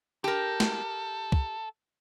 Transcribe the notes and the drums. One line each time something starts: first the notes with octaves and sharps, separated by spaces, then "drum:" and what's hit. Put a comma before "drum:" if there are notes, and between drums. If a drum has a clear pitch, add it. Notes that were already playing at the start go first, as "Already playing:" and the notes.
G4 A4 A#4
drum: snare
drum: kick